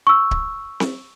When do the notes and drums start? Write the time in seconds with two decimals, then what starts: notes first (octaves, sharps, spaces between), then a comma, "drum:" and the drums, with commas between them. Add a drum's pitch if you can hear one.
0.07 C#6 E6
0.31 drum: kick D1
0.80 drum: snare C4